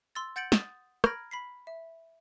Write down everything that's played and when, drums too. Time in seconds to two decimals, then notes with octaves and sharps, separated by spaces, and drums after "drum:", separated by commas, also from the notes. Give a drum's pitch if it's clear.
0.15 C6 E6 A6
0.36 F#5 G6 A6 C#7 D7 F#7
0.52 D#6 A6, drum: snare
1.04 A#5 B5 F6 G#6 A#6 D7, drum: rim click
1.31 B5 B6 C7
1.67 E5